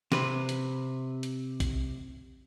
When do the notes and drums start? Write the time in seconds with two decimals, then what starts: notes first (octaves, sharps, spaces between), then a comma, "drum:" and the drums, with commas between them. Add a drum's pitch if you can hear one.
0.12 C3 B4, drum: snare
0.49 drum: hi-hat
1.23 drum: hi-hat
1.60 drum: kick A#1, hi-hat